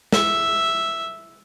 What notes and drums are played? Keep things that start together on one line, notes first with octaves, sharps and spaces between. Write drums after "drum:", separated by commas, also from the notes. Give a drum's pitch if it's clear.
E5, drum: snare